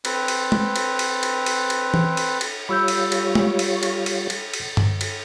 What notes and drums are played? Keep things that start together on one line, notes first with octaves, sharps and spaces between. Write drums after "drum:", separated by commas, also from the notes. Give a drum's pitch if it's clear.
C4 B4, drum: cymbal
drum: cymbal
drum: tom G#3
drum: cymbal
drum: cymbal
drum: cymbal
drum: cymbal
drum: cymbal
drum: tom E3
drum: cymbal
drum: cymbal
G3 F4 C#5 B5 E6 G6
drum: cymbal
drum: cymbal
drum: tom G#3
drum: cymbal
drum: cymbal
drum: cymbal
drum: cymbal
drum: cymbal
drum: tom G2
drum: cymbal